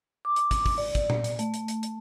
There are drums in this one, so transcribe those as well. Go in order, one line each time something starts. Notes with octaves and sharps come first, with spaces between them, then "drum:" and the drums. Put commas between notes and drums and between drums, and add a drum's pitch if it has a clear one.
D6
drum: hi-hat
drum: kick, hi-hat
drum: kick, open hi-hat
D5, drum: open hi-hat
drum: kick, hi-hat
drum: tom A#2
drum: hi-hat
A3, drum: hi-hat
drum: hi-hat
drum: hi-hat
drum: hi-hat